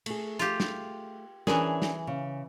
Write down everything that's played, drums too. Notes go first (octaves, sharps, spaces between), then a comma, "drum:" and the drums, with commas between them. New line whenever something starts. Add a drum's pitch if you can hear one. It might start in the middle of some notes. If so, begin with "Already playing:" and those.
A3 G#4, drum: cymbal
F4 G4, drum: hi-hat
drum: snare
E3 C#4 D4 G#4 A#4, drum: snare
drum: snare
C#3